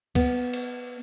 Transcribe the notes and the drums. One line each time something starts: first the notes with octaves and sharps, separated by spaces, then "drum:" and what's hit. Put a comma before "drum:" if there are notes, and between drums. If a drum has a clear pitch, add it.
B3, drum: kick C#2, cymbal
drum: cymbal